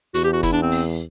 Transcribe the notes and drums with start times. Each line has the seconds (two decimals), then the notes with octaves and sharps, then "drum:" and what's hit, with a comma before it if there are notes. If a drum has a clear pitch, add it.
0.14 E2 F#4, drum: hi-hat
0.24 G4
0.33 F#4
0.43 E4, drum: kick, hi-hat
0.52 D4
0.62 C4
0.71 drum: open hi-hat